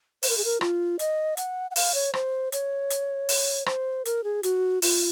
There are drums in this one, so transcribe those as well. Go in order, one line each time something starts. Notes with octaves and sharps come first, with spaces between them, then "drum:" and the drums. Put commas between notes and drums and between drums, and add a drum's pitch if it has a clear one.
C5, drum: open hi-hat
A#4
G#4
A#4
F4, drum: rim click
D#5, drum: hi-hat
F#5, drum: hi-hat
F#5
F5, drum: open hi-hat
C#5
C5, drum: rim click
C#5, drum: hi-hat
drum: hi-hat
drum: open hi-hat
C5, drum: rim click
A#4, drum: hi-hat
G#4
F#4, drum: hi-hat
F4, drum: open hi-hat